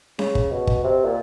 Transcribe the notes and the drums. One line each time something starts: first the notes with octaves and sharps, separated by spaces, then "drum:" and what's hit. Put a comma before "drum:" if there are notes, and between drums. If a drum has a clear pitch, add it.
C#3, drum: snare C#4
drum: kick G1
B2
drum: kick G1
C3
A#2